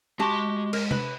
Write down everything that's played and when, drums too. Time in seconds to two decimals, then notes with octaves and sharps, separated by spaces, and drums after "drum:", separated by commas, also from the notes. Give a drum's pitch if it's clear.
0.19 G#3 F#4 G4 A5 C6
0.73 A#4, drum: cymbal
0.91 B4, drum: tom C3